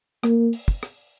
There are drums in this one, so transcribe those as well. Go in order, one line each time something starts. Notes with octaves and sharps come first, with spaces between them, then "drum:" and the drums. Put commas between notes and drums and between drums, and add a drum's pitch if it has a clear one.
A#3, drum: rim click
drum: open hi-hat
drum: kick
drum: rim click